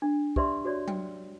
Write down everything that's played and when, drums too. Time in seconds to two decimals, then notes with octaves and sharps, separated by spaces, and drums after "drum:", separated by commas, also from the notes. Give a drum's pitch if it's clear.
0.02 D4
0.36 G4 B4 D5 E5 C6, drum: kick
0.65 F#4 C#5 D5
0.88 G5, drum: tom F#3